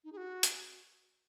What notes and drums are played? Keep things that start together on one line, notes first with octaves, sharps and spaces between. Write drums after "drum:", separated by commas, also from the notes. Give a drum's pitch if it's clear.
D#4
G#4
F#4
drum: hi-hat